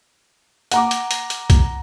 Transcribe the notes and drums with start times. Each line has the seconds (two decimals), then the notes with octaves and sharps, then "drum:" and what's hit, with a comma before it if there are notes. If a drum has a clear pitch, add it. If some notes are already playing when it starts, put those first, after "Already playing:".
0.72 F#5 A#5 D6, drum: hi-hat
0.91 drum: hi-hat
1.11 drum: hi-hat
1.30 drum: hi-hat
1.50 drum: kick C2, hi-hat